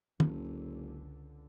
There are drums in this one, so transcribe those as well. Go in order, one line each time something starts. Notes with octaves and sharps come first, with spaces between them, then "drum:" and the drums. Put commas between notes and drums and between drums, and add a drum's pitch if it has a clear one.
F#1 C#2 D3, drum: tom